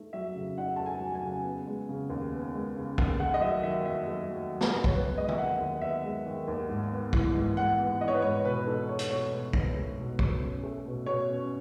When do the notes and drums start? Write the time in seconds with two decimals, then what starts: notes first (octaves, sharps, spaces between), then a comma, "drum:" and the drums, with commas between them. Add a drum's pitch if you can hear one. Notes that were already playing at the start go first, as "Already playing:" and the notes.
Already playing: A3 D#4
0.13 F#3 E5
0.36 C#3
0.58 D#4 F#5
0.76 A3 A5
0.86 G#5
1.00 F#3
1.15 G#5
1.22 C#3
1.44 B3
1.67 G#3
1.89 C#3
2.10 D#2
2.33 B3
2.54 G#3
2.76 C#3
2.98 D#2, drum: kick
3.19 A3 F#5
3.34 D#5
3.41 F#3 E5
3.63 D#3 E5
3.86 F#2 E5
4.07 A3
4.29 F#3
4.51 D#3
4.61 drum: snare
4.73 F#2
4.84 C#5, drum: kick
4.94 B3 B4
5.17 G#3 D#5
5.28 E5, drum: tom D3
5.38 D#3 F#5
5.60 D#2
5.82 B3 E5
6.04 G#3
6.26 D#3
6.48 D#2
6.69 G#2
6.91 B3
7.13 E3, drum: kick
7.35 G#2
7.57 G#2 F#5
7.80 B3
8.01 E3 D#5
8.08 C#5
8.14 B4
8.22 G#2 C#5
8.45 B2 B4
8.67 D#4 A4
8.88 A3 C#5
8.99 drum: hi-hat
9.10 B2 C#5
9.32 B2
9.53 D#4, drum: kick
9.76 A3
9.98 B2
10.19 B2, drum: kick
10.41 C#4
10.63 A3
10.86 B2
11.06 B2 C#5
11.30 C#4